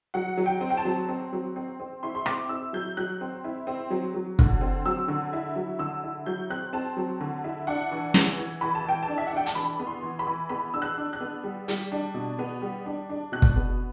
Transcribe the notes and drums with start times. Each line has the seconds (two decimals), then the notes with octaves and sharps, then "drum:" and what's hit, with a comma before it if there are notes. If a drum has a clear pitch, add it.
0.14 F#3 F#5
0.37 F#3
0.46 G5
0.61 C4
0.70 G5
0.77 A5
0.85 F#3
1.09 C4
1.33 F#3
1.56 C4
1.80 C4
2.03 E4 C6
2.15 C6
2.26 C4 D6, drum: rim click
2.49 E4 E6
2.73 F#3 G6
2.97 F#3 F#6
3.21 C4
3.44 E4
3.67 C4
3.90 F#3
4.14 F#3
4.39 D3, drum: kick
4.61 C4
4.86 F#3 E6
5.08 D3
5.33 E4
5.56 F#3
5.79 D3 E6
6.03 E4
6.26 F#3 G6
6.50 C4 F#6
6.73 C4 A5
6.97 F#3
7.20 D3
7.44 E4
7.67 D4 F#5
7.91 E3
8.14 E3, drum: snare
8.38 E3
8.61 E3 B5
8.75 A5
8.85 E3 G5
9.02 A5
9.08 D4
9.18 E5
9.27 F#5
9.32 D4 G5
9.46 A5, drum: hi-hat
9.55 E3 B5
9.79 B3
9.87 C6
10.03 E3
10.19 B5
10.27 E3
10.49 B3 B5
10.74 D4 E6
10.82 F#6
10.98 D4
11.13 F#6
11.21 B3
11.44 G3
11.68 G3, drum: hi-hat
11.92 D4
12.14 B2
12.39 B3
12.62 G3
12.86 D4
13.09 D4
13.32 B2 F#6
13.42 drum: kick
13.56 B3